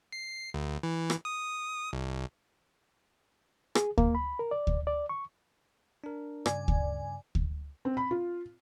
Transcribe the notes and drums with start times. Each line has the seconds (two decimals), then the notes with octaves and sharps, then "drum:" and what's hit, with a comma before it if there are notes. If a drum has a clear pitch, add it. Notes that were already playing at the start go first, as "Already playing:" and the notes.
0.12 C7
0.54 D2
0.83 E3
1.10 drum: rim click
1.25 D#6
1.93 C2
3.75 G#4, drum: rim click
3.98 A#3, drum: kick D2
4.15 B5
4.39 A#4
4.51 D5
4.67 drum: kick D2
4.87 D5
5.09 C#6
6.04 D4 A#4
6.46 G2 C#3 D5 G#5, drum: rim click
6.68 drum: kick D2
7.35 drum: kick D2
7.85 C4
7.97 B5
8.11 F4